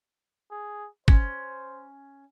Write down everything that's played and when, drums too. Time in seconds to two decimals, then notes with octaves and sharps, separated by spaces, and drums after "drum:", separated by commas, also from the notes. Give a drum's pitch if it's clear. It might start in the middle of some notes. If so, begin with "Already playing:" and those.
0.51 G#4
1.08 C#4 C5, drum: kick